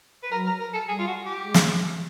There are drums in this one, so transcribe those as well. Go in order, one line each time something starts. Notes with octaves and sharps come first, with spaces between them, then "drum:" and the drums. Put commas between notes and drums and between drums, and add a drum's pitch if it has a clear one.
B4
F#3 A#4
A#4
A#4
A4
G3 G#4
F4
F#4
G4
G#3
drum: snare